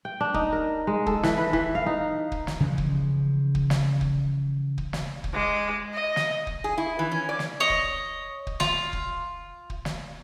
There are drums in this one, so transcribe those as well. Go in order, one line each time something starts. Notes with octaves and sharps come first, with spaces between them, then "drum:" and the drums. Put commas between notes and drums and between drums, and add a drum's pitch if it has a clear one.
G5
D4
D#4, drum: kick
A#4
G#3
A4, drum: kick
E3, drum: snare
B4
E3, drum: kick
F5
D#4
drum: kick
drum: snare
C#3 E3 F3
drum: kick
drum: kick
drum: snare
drum: kick
drum: kick
drum: snare
drum: kick
G#3 D6
D#5
drum: snare
drum: kick
G#4
E4
E3
C#4
D5
drum: snare
C#5 D#5
drum: kick
drum: kick
F4, drum: snare
drum: kick
drum: kick
drum: snare